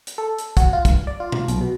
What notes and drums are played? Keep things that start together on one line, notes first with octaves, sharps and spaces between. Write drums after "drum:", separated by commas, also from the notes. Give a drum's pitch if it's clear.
drum: hi-hat
A4
drum: hi-hat
F#4, drum: kick, hi-hat
F4
G2, drum: kick, hi-hat
D5
F4
drum: tom B2
B1, drum: hi-hat
B2